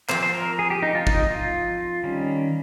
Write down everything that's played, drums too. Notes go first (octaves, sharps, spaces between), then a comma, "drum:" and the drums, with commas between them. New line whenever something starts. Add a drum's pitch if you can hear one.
F3 C4 C5, drum: clap
C5
A#4
G#4
G4
D#4
F4
D#4, drum: kick
F4
D#3 G3 C#4